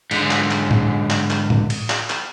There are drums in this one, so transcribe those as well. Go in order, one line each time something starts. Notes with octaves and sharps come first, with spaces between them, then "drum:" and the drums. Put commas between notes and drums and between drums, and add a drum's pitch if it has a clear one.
G#2 D3, drum: cymbal
drum: clap
drum: clap
drum: tom A2
drum: clap
drum: clap
drum: tom A2
drum: cymbal
drum: clap
drum: clap